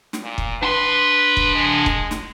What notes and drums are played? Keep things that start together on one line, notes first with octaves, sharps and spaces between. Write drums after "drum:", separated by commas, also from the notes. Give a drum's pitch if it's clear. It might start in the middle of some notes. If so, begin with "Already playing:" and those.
drum: snare
A#2
drum: kick
D4 B4 C6
drum: kick
G#3
drum: kick
drum: snare